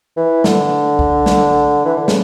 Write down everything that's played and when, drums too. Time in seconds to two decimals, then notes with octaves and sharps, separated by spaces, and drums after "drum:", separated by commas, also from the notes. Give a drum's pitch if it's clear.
0.17 E3
0.44 D3, drum: snare
0.99 drum: kick C2
1.26 drum: snare
1.85 E3
1.97 D3
2.08 C#3, drum: snare